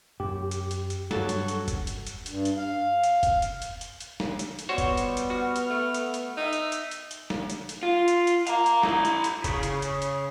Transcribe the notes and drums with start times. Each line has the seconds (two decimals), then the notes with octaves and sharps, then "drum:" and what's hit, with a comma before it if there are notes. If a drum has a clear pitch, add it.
0.20 F#2 G4
0.51 drum: hi-hat
0.71 drum: hi-hat
0.90 drum: hi-hat
1.11 G2 F#3 F#4 A4, drum: snare
1.29 drum: hi-hat
1.48 drum: hi-hat
1.68 drum: kick F#1, hi-hat
1.87 drum: hi-hat
2.07 drum: hi-hat
2.26 G2, drum: hi-hat
2.45 drum: hi-hat
2.57 F5
3.04 drum: hi-hat
3.23 drum: kick F#1, hi-hat
3.42 drum: hi-hat
3.62 drum: hi-hat
3.81 drum: hi-hat
4.00 drum: hi-hat
4.20 drum: snare
4.39 drum: hi-hat
4.59 drum: hi-hat
4.69 G3 B3 F#4 C5 C#5
4.78 drum: kick F#1, hi-hat
4.97 drum: hi-hat
5.17 drum: hi-hat
5.30 F#4 F6
5.56 drum: hi-hat
5.70 A3
5.94 drum: hi-hat
6.14 drum: hi-hat
6.37 D#4 E5
6.53 drum: hi-hat
6.72 drum: hi-hat
6.91 drum: hi-hat
7.11 drum: hi-hat
7.30 drum: snare
7.50 drum: hi-hat
7.69 drum: hi-hat
7.83 F4
8.08 drum: hi-hat
8.27 drum: hi-hat
8.47 F5 A#5, drum: hi-hat
8.66 drum: hi-hat
8.83 E4 A#5, drum: snare
9.05 drum: hi-hat
9.24 drum: hi-hat
9.44 C#3, drum: kick F#1, hi-hat
9.63 drum: hi-hat
9.82 drum: hi-hat
10.02 drum: hi-hat